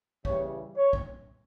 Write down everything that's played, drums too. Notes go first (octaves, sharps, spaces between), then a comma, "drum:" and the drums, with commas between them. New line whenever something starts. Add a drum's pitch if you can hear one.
C#3 E3 G3 C#5, drum: kick
C#5
drum: kick